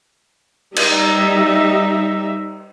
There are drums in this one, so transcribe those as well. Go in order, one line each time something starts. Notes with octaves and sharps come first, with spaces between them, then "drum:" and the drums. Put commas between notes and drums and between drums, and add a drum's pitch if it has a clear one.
G3 D#4 E5, drum: cymbal